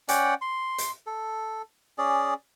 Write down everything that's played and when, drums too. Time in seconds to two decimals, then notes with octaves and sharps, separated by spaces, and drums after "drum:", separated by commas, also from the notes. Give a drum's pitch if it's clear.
0.09 C#4 D5 F#5 G5, drum: hi-hat
0.41 C6
0.78 drum: hi-hat
1.06 A4
1.98 C#4 G#4 D5